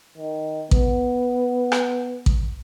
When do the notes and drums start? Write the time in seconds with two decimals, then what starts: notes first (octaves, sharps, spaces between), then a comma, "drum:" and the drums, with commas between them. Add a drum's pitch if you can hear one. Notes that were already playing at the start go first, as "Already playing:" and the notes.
0.18 D#3
0.71 B3, drum: kick A1
1.72 drum: rim click
2.26 drum: kick A1